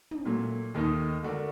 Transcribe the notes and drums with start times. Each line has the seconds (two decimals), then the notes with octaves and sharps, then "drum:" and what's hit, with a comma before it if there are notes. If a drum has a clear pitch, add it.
0.11 drum: tom
0.25 A#2 F#3 A3
0.74 D#2 D#3 A3 D#4
1.23 D3 A3 D4 F#4 A#4